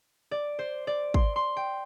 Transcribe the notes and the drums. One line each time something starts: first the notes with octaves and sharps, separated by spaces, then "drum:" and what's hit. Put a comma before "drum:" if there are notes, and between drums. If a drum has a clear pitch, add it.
D5
C5
D5
C6, drum: kick
C6
G5